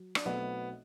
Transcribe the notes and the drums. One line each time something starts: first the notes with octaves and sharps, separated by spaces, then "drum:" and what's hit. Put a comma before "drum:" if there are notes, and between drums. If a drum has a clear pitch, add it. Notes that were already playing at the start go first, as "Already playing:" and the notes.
Already playing: F#3
D4, drum: rim click
B1 B2 A3 B3 C4 E4